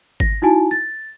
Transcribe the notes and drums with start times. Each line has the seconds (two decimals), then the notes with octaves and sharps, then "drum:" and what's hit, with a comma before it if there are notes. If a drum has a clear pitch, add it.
0.20 A#6, drum: kick G#1
0.42 D#4 E4 F#4 G#5 A5
0.71 A6